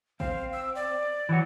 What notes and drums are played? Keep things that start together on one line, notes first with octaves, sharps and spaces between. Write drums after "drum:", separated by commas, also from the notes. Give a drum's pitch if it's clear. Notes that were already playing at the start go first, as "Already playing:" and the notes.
C4 F5, drum: kick
E6
D5
E3 F#3 F#4